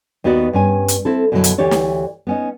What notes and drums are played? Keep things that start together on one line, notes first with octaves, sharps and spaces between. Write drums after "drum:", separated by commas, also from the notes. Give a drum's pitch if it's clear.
D#2 B3 D#4 F#4 D5
G2 C#4 G#5
drum: hi-hat
C4 E4 A4
F#2 B2 D3 E3 F#3 E4
drum: hi-hat
D2 E3 G4 C#5 D5
drum: snare
B3 C#4 D#4